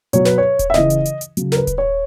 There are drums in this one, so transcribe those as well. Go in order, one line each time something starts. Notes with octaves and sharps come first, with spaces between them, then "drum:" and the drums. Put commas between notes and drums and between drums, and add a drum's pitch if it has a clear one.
B2 F#3 C#5, drum: hi-hat
B4, drum: snare
C#5
drum: kick D#1, hi-hat
E5
C#3 E3 D#5, drum: snare
drum: hi-hat
drum: hi-hat
drum: hi-hat
C#3 F#3, drum: hi-hat
A#4, drum: snare
B4
drum: kick D#1, hi-hat
C#5